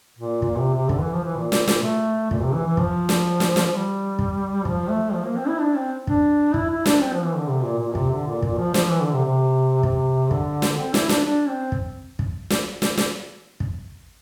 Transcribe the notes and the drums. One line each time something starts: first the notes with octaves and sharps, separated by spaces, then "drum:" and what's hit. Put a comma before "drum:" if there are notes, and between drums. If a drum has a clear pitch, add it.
A#2
A#2, drum: kick
C3
C3
D3, drum: kick
E3
F3
E3
A#2
drum: snare
drum: snare
A3
A#2, drum: kick
C3
E3
E3
F3, drum: kick
drum: snare
drum: snare
drum: snare
G3
drum: kick
F3, drum: kick
A3
F3
A#3
C4
E4
D4
C4
D4, drum: kick
E4, drum: kick
E4
D4, drum: snare
C4
F3
E3
D3
C3
A#2
A#2
C3, drum: kick
D3
A#2
A#2, drum: kick
F3
F3, drum: snare
E3
D3
C3
C3
C3, drum: kick
D3, drum: kick
drum: snare
C4
E4, drum: snare
D4, drum: snare
D4
C4
drum: kick
drum: kick
drum: snare
drum: snare
drum: snare
drum: kick